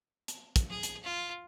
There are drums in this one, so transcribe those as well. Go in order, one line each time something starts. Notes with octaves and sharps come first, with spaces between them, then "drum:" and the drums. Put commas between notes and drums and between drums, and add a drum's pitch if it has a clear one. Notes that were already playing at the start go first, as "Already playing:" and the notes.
drum: hi-hat
drum: kick, hi-hat
G#4
drum: hi-hat
F4